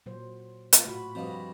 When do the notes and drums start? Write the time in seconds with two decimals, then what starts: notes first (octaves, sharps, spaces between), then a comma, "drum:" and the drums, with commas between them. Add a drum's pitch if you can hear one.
0.06 A#2 F#3 C5
0.73 A3 C4 F4 D#5, drum: hi-hat
0.85 A2 C3 A3 F4 F#4 B5
1.15 G2 F3 C4 F#4 D#5